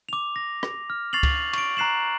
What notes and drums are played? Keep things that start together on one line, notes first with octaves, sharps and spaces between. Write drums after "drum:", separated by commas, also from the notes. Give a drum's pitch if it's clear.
D6 F7
A#6
drum: rim click
F6
C#6 A6 C7 F7 F#7
drum: kick C#2, cymbal
C#6 D7, drum: cymbal
A#5 F#6 C7 E7 F#7